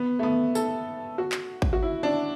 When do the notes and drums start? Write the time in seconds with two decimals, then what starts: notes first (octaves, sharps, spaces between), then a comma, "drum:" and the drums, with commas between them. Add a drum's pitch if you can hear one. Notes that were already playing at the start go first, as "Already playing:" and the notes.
Already playing: B3
0.19 A3
0.23 B3
0.55 A4, drum: tambourine
1.18 F#4
1.32 drum: clap
1.62 drum: kick
1.73 F#4
1.82 E4
2.03 D4